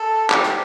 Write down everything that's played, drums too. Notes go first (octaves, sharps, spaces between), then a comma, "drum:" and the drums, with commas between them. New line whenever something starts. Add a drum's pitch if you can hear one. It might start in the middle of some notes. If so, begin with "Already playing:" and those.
Already playing: A4
G4, drum: clap
drum: hi-hat